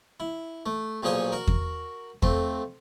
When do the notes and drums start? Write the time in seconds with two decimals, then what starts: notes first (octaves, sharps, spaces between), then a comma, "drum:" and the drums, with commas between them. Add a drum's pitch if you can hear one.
0.20 E4
0.66 A3
1.03 B1 A#2 F3 G#4 C#5 D#6
1.32 F#4 A#4
1.47 drum: kick E2
2.22 F2 A3 C4, drum: kick E2